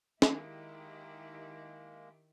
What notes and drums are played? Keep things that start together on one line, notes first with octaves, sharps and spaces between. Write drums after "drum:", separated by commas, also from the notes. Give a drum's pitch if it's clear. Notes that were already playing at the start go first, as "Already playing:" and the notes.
D#3 G#3 A#3 E4 G4, drum: snare